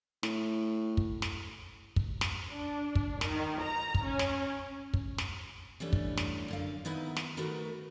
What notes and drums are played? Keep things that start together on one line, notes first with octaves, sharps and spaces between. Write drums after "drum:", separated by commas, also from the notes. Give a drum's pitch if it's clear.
A2, drum: snare
drum: kick
drum: snare
drum: kick
drum: snare
D4
drum: kick
D#3, drum: snare
A#5
drum: kick
C#4
drum: snare
drum: kick
drum: snare
E3 G3 A3 B3 C#4 D4
drum: kick
drum: snare
F#2 D3 F5
D#3 B3 D#4 E4 B4 F#5
drum: snare
D#3 A3 F#4 A#4 B4